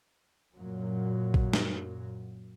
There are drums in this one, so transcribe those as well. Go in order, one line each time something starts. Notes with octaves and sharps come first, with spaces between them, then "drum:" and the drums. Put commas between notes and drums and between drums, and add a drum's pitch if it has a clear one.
F#2 A#2 F#3
drum: kick A#1
drum: snare